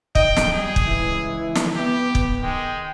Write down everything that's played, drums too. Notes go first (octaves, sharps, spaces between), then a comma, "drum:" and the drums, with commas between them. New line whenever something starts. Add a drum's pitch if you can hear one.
D#5 G5, drum: kick
drum: snare
G3 G#4
drum: kick
C#2 E3 E4
drum: snare
B3 G4
drum: kick
D#3 G#3 G5